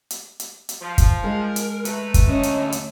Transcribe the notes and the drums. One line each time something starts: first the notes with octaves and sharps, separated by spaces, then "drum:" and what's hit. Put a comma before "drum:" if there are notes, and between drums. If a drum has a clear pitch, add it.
drum: hi-hat
drum: hi-hat
drum: hi-hat
F3
drum: kick, hi-hat
G#3 A#4
drum: hi-hat
A3 B4 E5 A#5, drum: hi-hat
drum: kick, hi-hat
D2 C#4 D#5
drum: hi-hat
drum: hi-hat